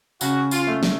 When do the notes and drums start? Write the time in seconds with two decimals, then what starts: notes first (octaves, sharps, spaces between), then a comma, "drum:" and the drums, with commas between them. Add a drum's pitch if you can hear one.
0.21 C#3 F#4, drum: tambourine
0.51 F4, drum: tambourine
0.67 A3
0.83 drum: snare